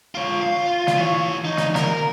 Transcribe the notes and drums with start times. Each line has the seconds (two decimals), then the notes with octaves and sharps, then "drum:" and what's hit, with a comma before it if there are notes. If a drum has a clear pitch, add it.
0.15 F4 C#5
0.41 F4
0.87 drum: snare
0.97 E3 C#5
1.45 D#4
1.57 drum: snare
1.75 A#4, drum: snare